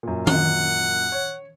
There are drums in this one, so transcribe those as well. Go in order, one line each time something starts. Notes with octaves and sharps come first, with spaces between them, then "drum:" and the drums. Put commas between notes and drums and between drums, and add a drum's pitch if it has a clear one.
F#2 A#2
F#5, drum: tom D#3
C#5